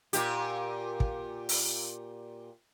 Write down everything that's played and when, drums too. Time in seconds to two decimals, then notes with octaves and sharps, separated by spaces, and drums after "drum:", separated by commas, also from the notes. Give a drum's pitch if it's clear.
0.13 A#2 G4, drum: hi-hat
1.00 drum: kick
1.49 drum: open hi-hat